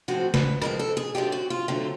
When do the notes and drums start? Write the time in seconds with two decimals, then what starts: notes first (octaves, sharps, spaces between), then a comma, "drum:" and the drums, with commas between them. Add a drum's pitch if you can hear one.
0.08 A2 F3 G#3 C4 F#4
0.34 B4, drum: snare
0.62 A2 F3 G#3 C4 A#4, drum: rim click
0.79 A4
0.97 G#4
1.15 D3 F#3 A3 C4 F4 G4
1.32 F#4
1.50 F4
1.68 D3 F#3 A3 C4 F4